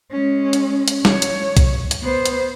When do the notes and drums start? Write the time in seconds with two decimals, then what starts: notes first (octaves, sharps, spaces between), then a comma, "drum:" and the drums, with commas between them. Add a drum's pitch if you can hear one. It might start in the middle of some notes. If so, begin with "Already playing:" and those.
0.11 G#3 C#4
0.53 drum: hi-hat
0.88 drum: hi-hat
1.05 C#5, drum: snare
1.22 drum: hi-hat
1.57 drum: kick, hi-hat
1.91 drum: hi-hat
2.03 B3 C5
2.26 drum: hi-hat